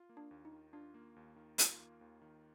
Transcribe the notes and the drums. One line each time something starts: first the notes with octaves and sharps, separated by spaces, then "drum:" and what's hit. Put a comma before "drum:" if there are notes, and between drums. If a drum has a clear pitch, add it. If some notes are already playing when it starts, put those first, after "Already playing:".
Already playing: F4
A#3
D4
D#2
D#4
D#3
D4 F4
A#3
D#2
D#3
F4, drum: hi-hat
A#3
D#2
D#3